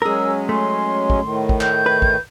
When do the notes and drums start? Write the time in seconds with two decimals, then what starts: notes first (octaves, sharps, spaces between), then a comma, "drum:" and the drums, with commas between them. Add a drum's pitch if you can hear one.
0.02 F#3 G#3 C#4 G#4 A#4 E6
0.49 A3 C6
1.10 drum: kick
1.23 A2 D#3
1.49 drum: kick
1.61 G6, drum: clap
1.86 B4
2.02 drum: kick